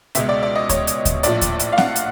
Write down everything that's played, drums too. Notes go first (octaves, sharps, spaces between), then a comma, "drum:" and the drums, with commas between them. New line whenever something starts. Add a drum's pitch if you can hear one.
C#2 B2 G#3 E5, drum: hi-hat
D5
D5
D#5
C#5, drum: kick D2, hi-hat
drum: hi-hat
drum: kick D2, hi-hat
A#1 A2 F3 D5, drum: hi-hat
drum: kick D2, hi-hat
drum: hi-hat
F5
F#5, drum: snare C4
drum: hi-hat